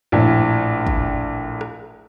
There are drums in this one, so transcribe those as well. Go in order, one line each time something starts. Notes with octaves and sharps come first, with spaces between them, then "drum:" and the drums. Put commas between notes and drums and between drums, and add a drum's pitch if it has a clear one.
A#1 A2
drum: kick
drum: rim click